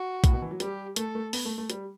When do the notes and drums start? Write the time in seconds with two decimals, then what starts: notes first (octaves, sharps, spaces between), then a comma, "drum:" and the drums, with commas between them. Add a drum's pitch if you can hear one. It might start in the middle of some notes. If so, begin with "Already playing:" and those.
Already playing: F#4
0.24 A2, drum: kick B1, hi-hat
0.33 B2
0.42 E3
0.51 F#3
0.60 G3 G4, drum: hi-hat
0.96 A3 A4, drum: hi-hat
1.15 A3
1.33 B3, drum: open hi-hat
1.45 A3
1.58 A3
1.70 G3, drum: hi-hat